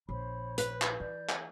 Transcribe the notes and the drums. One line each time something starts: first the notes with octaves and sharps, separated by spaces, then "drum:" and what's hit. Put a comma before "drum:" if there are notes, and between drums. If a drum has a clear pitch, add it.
A#1 C5 C#5 B5
B4, drum: hi-hat
drum: clap
E3 D5 G6
drum: clap